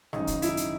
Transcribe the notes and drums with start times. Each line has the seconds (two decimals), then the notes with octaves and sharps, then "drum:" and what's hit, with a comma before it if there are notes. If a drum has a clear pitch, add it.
0.13 G#1 F#2 C#3 D#4, drum: rim click
0.27 drum: kick, hi-hat
0.42 E4, drum: hi-hat
0.57 drum: hi-hat